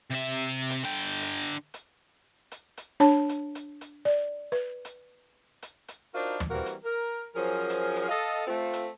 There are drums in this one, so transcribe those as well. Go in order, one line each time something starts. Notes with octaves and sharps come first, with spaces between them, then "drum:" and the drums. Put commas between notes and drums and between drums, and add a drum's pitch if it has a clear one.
C3 E5
drum: hi-hat
D3 G5
drum: hi-hat
drum: hi-hat
drum: hi-hat
drum: hi-hat
D4 C#5 A5
drum: hi-hat
drum: hi-hat
drum: hi-hat
D5
B4
drum: hi-hat
drum: hi-hat
drum: hi-hat
D4 D#4 F4 F#4 A#4 C5
drum: tom
E3 G3 A#3 C4 F#4 A#4
drum: hi-hat
A#4
F3 F#3 C#4 G#4 A#4 C5
drum: hi-hat
drum: hi-hat
A4 D#5 F5
A3 C4 F4
drum: hi-hat